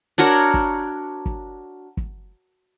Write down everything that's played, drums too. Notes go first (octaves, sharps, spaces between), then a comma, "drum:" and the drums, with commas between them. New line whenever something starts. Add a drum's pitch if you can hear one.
D4 F#4 A#4 C#5
drum: kick
drum: kick
drum: kick